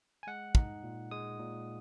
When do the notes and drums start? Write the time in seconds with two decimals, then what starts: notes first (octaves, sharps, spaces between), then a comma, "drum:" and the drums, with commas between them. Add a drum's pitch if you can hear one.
0.23 G#5
0.27 G#3 F#5
0.55 D#4, drum: kick
0.83 A#2
1.11 G#3 D#6
1.39 A#2